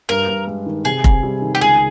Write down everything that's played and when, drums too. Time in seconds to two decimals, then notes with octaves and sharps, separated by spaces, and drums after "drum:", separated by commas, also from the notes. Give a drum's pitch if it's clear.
0.09 G2 A#4
0.28 G2
0.47 G#3
0.66 D#3
0.85 C3 G#4
1.04 C4, drum: kick F1
1.23 G3
1.42 D#3
1.55 G4
1.61 C#2 G#4